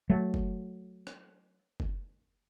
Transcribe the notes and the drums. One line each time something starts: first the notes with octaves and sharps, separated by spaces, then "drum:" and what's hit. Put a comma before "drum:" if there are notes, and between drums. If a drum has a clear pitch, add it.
F#3 A3
drum: kick
drum: rim click
drum: kick